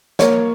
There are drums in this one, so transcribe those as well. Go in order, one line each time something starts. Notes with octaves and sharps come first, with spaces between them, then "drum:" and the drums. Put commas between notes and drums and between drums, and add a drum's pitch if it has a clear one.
A#3 C#5, drum: snare